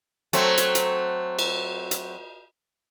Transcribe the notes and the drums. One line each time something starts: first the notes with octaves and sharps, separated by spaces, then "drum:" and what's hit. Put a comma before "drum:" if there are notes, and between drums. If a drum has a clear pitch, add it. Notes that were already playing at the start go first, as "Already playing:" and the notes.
F#3 A3 C4, drum: hi-hat
drum: hi-hat
drum: hi-hat
drum: cymbal
drum: hi-hat